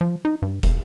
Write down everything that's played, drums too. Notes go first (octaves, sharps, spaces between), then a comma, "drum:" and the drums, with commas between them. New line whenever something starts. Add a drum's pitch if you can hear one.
F3
D#4
G2
E1, drum: kick, hi-hat